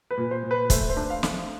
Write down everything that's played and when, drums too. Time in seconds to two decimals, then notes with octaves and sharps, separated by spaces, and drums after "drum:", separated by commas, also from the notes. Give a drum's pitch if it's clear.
0.11 B4
0.17 A#2
0.31 C5
0.43 A#2
0.51 B4
0.70 A3 C5, drum: kick, hi-hat
0.89 C5
0.97 D4
1.10 F5
1.23 A3, drum: snare